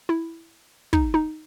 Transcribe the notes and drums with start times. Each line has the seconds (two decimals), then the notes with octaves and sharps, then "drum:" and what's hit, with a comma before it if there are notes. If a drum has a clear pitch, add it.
0.09 E4
0.93 D#4, drum: kick
1.14 D#4